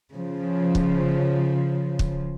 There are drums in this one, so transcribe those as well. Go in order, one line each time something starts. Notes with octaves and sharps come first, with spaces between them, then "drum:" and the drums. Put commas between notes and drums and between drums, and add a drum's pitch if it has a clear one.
C#3 F3
drum: kick
drum: kick